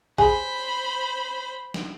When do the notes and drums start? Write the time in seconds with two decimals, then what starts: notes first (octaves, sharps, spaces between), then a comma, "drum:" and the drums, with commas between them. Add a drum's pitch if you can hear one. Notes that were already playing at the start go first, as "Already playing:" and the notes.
0.18 G#4 C5 B5, drum: kick A1
1.74 drum: snare